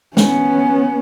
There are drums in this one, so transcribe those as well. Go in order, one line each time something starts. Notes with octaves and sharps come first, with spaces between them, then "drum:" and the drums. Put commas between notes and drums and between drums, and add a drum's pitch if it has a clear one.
B3 C#4, drum: snare